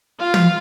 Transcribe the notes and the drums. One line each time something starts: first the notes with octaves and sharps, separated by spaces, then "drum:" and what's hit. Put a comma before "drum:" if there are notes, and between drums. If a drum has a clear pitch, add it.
F4 F5
drum: tom